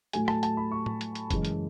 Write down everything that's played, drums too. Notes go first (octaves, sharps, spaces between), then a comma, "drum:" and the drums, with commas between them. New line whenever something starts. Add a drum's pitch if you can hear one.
A2 F#3 A3 G#5, drum: hi-hat
A5, drum: rim click
A5, drum: hi-hat
B5
C#6
drum: tom A2
drum: hi-hat
drum: hi-hat
F#2 C#3 E3 G#3, drum: kick F1, hi-hat
drum: hi-hat